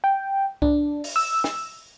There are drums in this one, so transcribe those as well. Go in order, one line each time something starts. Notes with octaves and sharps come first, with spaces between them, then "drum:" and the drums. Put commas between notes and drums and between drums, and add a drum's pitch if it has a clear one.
G5
D4, drum: kick C2
drum: open hi-hat
E6
drum: snare